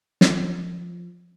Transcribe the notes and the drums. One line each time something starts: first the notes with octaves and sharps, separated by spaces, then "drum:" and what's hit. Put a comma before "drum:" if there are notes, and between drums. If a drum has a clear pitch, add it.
F3, drum: snare